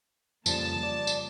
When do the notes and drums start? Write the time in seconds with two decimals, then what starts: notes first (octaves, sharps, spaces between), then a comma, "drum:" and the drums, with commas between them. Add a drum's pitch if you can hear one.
0.46 F2 C#3 F3 G3 A#3 A5, drum: tambourine
0.83 D5
1.07 drum: tambourine